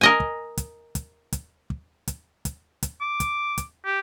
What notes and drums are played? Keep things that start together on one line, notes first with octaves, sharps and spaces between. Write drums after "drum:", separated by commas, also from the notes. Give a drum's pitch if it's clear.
A#4 D#5 G#5
drum: kick
drum: kick, hi-hat
drum: kick, hi-hat
drum: kick, hi-hat
drum: kick
drum: kick, hi-hat
drum: kick, hi-hat
drum: kick, hi-hat
D6
drum: kick, hi-hat
drum: kick, hi-hat
G4